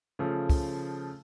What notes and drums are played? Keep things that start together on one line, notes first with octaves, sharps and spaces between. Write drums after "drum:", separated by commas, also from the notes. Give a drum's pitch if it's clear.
C#3 F3 A3
drum: kick, open hi-hat